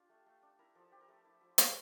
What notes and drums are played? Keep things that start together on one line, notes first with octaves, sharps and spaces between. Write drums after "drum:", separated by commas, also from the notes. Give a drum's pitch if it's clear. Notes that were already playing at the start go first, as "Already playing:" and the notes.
Already playing: D4 F4 G4 A4
A3
A3
D4
E4 A#4
F3 A4
F3 G4
A#4
A3 A4
E4
F3
F3, drum: hi-hat